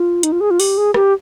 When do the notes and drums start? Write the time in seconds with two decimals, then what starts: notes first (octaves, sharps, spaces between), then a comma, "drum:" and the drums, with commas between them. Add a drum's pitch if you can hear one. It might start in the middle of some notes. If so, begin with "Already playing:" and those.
Already playing: F4
0.23 D#4, drum: hi-hat
0.32 F4
0.41 G#4
0.51 F4
0.60 G4, drum: open hi-hat
0.78 G#4
0.94 G4, drum: rim click